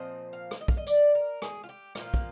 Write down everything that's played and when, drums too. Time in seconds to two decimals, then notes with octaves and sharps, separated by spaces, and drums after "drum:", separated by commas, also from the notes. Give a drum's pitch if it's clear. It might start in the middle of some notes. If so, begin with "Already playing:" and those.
Already playing: A#2 F3 C4 D#5
0.33 F5
0.51 drum: rim click
0.61 D#5
0.68 F5, drum: kick
0.77 D#5
0.87 D5, drum: tambourine
1.15 A#4
1.42 G#4, drum: rim click
1.64 F4
1.69 G4
1.95 A#2 F3 A#3 F4, drum: rim click
2.14 drum: kick